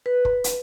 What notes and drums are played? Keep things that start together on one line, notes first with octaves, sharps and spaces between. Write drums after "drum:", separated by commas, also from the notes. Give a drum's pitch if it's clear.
B4
drum: kick
drum: hi-hat